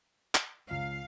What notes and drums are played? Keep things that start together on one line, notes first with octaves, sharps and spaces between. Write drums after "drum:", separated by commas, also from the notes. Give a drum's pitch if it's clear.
drum: clap
C#2 F5